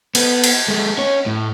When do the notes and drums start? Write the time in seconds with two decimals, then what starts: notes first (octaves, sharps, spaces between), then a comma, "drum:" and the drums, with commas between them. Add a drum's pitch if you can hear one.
0.15 B3, drum: cymbal
0.44 drum: cymbal
0.68 G#3 A3
0.98 C#4 C#5
1.26 A2